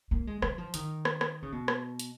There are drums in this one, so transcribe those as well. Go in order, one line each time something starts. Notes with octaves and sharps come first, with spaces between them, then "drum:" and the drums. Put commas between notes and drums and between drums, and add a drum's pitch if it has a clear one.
A#3
G#3
F#3, drum: rim click
F3
D#3, drum: hi-hat
drum: rim click
drum: rim click
C#3
B2
drum: rim click
drum: hi-hat